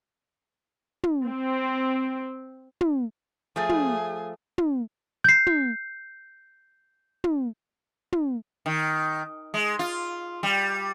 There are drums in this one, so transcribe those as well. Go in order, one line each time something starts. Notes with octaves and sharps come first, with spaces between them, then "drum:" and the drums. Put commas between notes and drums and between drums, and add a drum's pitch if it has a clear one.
drum: tom
C4
drum: tom
F3 A3 G#4
drum: tom
drum: tom
G6 C7
drum: tom
drum: tom
drum: tom
D#3
G#3
F4
G3